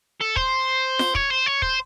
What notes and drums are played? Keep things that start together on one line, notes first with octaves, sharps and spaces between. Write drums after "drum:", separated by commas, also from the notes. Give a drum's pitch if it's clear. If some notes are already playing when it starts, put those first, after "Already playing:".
A4
C5, drum: kick
drum: snare F4
C#5, drum: kick
C5
C#5
C5, drum: kick